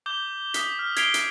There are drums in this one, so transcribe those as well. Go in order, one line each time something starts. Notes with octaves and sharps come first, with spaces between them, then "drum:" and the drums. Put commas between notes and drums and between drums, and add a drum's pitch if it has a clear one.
D6 G6 G7
D#6 B6, drum: hi-hat
F6
G#6 B6 C7 D7 F7 G7, drum: hi-hat
drum: hi-hat